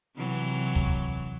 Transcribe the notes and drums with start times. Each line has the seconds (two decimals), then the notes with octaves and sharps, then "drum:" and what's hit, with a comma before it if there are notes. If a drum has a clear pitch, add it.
0.16 C3 E3 F#3
0.76 drum: kick